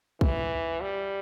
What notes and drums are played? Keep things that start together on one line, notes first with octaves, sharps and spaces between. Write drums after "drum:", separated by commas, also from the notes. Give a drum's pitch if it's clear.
E3, drum: kick
G3